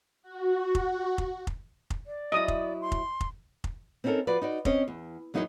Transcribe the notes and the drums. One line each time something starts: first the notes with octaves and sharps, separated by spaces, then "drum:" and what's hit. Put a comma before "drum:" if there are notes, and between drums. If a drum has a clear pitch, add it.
F#4
drum: kick
drum: kick
drum: kick
drum: kick
D5
F#3 E4 D#5 D#6
drum: kick
C6
drum: kick
drum: kick
drum: kick
C4 C#4 D#4 F#4 A4 A#4
F3 F#4 B4 D5
D#4 F#4 D5
C4 C#4 D#5, drum: kick
E2
E2 F#3 D#4 E4 A#4 D#5